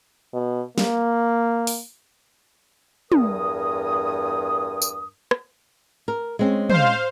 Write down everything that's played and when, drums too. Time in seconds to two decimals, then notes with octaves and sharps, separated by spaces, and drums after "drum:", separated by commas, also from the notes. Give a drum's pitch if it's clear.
0.34 B2
0.78 A#3, drum: snare
1.67 drum: open hi-hat
3.12 E2 G2 A#4 D#6, drum: tom
4.82 drum: tambourine
5.31 drum: rim click
6.08 A#4
6.39 G#3 C4 C#4
6.70 C5 F5, drum: tom